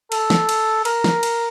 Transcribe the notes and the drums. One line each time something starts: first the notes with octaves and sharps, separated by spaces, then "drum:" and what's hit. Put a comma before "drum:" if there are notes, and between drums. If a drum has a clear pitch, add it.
A4, drum: cymbal
drum: snare
drum: cymbal
A#4, drum: cymbal
drum: snare
drum: cymbal